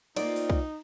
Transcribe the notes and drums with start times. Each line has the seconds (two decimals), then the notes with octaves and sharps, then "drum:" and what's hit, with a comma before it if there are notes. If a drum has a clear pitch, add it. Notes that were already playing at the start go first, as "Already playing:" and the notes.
0.16 A#3 C4 D#4 F4 D5, drum: cymbal
0.36 drum: open hi-hat
0.50 drum: kick